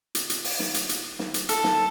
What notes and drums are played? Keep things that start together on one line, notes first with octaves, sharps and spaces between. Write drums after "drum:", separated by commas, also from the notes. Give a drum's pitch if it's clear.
drum: hi-hat
drum: hi-hat
drum: open hi-hat
drum: snare
drum: hi-hat
drum: hi-hat
drum: snare
drum: hi-hat
A4, drum: hi-hat
drum: snare